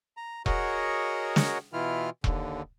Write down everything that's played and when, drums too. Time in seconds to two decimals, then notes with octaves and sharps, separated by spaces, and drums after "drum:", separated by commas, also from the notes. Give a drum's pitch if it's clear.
0.17 A#5
0.46 F#4 G#4 A#4 C#5 D#5 F#5, drum: kick E1
1.36 drum: snare
1.73 B2 E3 E4 F4 F6
2.24 D#2 D3, drum: kick E1